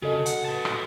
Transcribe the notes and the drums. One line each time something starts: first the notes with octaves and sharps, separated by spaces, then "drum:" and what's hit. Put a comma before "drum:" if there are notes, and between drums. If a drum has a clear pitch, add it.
C#3 F#4 A4 D#5
F#5, drum: hi-hat
B4 A5
drum: rim click